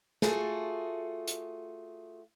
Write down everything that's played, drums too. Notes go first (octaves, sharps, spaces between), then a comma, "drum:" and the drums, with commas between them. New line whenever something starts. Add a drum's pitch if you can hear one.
A3 F4 F#4 G#4, drum: snare
drum: hi-hat